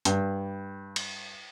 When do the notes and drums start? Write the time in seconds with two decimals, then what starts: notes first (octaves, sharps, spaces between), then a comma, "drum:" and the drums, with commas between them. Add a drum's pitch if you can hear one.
0.05 G2, drum: hi-hat
0.96 drum: cymbal